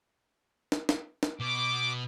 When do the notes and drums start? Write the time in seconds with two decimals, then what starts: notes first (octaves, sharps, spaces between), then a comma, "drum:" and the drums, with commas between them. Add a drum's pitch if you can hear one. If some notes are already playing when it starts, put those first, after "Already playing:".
0.72 drum: snare
0.89 drum: snare
1.23 drum: snare
1.40 B2 D6